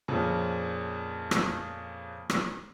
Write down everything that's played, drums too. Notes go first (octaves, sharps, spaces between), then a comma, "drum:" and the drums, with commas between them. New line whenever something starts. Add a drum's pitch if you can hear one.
F2 A#2 C#3 F3
drum: rim click
drum: rim click